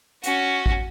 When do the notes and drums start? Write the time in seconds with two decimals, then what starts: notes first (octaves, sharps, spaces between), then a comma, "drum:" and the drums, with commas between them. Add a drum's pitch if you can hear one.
0.24 C#4 F#4, drum: hi-hat
0.66 drum: kick